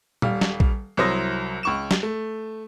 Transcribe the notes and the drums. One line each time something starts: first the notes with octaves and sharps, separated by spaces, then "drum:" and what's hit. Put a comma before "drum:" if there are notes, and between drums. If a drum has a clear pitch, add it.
D#1 G3 F5, drum: tom A#2
drum: snare
drum: kick A#1
C2 F#3 E4 C5 D#6 A#6
C#2 C#6 E7
drum: snare
A3